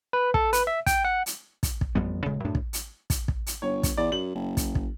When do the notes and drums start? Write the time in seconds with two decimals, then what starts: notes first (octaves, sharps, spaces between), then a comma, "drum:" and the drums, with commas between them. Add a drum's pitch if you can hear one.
0.13 B4
0.34 A4, drum: kick
0.53 B4, drum: hi-hat
0.67 E5
0.86 G5, drum: kick, hi-hat
1.05 F#5
1.26 drum: hi-hat
1.63 drum: kick, hi-hat
1.81 drum: kick
1.95 A1 F2 G3 B3
2.25 D#1 C#3 G#3
2.45 F#2 A2 D4
2.55 drum: kick
2.73 drum: hi-hat
3.10 drum: kick, hi-hat
3.28 drum: kick
3.47 drum: hi-hat
3.62 G1 C#5
3.83 drum: kick, hi-hat
3.98 E2 D5
4.12 F#2 F#7
4.35 F#1
4.57 drum: kick, hi-hat
4.75 drum: kick